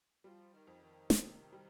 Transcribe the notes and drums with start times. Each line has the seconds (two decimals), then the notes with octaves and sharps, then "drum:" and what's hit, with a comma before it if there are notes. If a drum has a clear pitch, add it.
0.24 F3 G3
0.54 D#3
0.67 F2
0.81 D#3
1.10 C3, drum: snare
1.53 G3